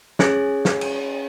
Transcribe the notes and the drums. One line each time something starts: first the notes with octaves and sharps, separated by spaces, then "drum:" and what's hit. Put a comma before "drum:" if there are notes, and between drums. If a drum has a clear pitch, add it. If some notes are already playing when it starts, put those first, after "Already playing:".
C#4 G#4 C#5, drum: snare
drum: snare
drum: cymbal